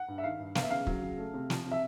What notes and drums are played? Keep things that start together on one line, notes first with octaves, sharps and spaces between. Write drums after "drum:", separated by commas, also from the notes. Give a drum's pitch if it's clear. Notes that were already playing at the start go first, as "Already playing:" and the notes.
Already playing: F#5
G2
E5
D#3 F5
G2
B3 F5, drum: snare
E5
C#3 F5
F#3, drum: kick
C#3
A3
C3
F3, drum: snare
C3
E5